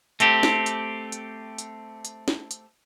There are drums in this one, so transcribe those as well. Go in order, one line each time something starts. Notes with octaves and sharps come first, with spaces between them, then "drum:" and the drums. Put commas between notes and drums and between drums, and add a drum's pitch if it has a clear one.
A3 C4 G4, drum: hi-hat
drum: snare
drum: hi-hat
drum: hi-hat
drum: hi-hat
drum: hi-hat
drum: snare
drum: hi-hat